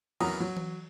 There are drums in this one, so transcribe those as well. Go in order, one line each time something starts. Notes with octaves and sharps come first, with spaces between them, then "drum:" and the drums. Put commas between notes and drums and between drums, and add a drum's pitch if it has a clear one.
E2 F#3 B3 A#4 A#5 D#6, drum: cymbal
F#3
drum: tom E3